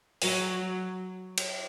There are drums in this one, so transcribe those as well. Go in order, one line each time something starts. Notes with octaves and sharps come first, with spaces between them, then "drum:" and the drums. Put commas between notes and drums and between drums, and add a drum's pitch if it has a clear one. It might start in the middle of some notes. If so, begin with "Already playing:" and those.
F#3, drum: open hi-hat
drum: cymbal